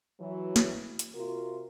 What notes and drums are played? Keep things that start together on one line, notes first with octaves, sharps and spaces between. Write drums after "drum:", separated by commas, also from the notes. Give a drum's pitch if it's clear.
E3 F#3
drum: snare
drum: hi-hat
C3 F4 F#4 A#4